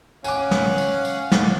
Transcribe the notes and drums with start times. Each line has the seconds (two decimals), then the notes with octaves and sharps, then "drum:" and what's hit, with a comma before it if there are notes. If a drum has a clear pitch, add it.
0.24 C#4 F5 F#5 G#5 D6, drum: tambourine
0.51 drum: snare
0.78 drum: tambourine
1.05 drum: tambourine
1.32 drum: snare